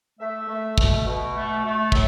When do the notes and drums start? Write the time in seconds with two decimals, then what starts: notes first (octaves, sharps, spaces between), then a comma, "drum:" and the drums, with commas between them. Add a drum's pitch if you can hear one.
0.19 A3 E5
0.49 A3
0.78 B2, drum: kick
1.06 B2
1.35 A3
1.64 A3
1.92 A2 E5, drum: kick